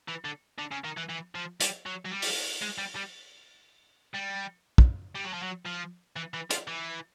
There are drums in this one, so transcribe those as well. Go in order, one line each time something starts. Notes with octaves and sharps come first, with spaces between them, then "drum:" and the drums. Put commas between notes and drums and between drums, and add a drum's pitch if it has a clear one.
E3
D3
D3
C#3
D#3
E3
E3
F3
G3, drum: hi-hat
F#3
F#3
G3
drum: open hi-hat
G#3
G3
G3
G3
drum: kick
G3
F#3
F3
F#3
F3
E3
E3
F3, drum: hi-hat
E3